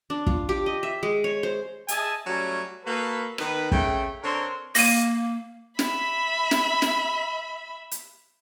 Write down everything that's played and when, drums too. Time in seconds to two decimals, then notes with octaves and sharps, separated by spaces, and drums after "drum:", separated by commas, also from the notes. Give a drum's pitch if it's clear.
0.10 D4
0.27 F4, drum: kick
0.49 G4
0.66 D#5
0.83 E5
1.03 G#3
1.24 C#5
1.43 C5
1.88 G#4 D#5 E5 G#5 A5, drum: hi-hat
2.26 F#3 G3 A3 C#4
2.85 A#3 F#4 A4 B4
3.38 D#3 B3 B4, drum: rim click
3.72 C#3 A3 G5, drum: kick
4.22 D3 C4 A#4 C#5 C6
4.75 A#3 A#6 D#7, drum: open hi-hat
5.79 E5 B5, drum: snare
6.51 drum: snare
6.82 drum: snare
7.91 drum: hi-hat